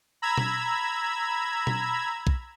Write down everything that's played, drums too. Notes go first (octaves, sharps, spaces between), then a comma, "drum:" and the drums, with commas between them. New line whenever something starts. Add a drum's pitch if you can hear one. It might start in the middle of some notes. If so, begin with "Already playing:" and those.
A#5 B5 E6 G#6
drum: tom B2
drum: tom B2
drum: kick